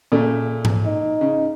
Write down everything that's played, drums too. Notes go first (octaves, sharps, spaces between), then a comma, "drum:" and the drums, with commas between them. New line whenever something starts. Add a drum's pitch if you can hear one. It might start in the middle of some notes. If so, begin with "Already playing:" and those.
A#2 C#3 A3
drum: tom G#2
D#4
C#3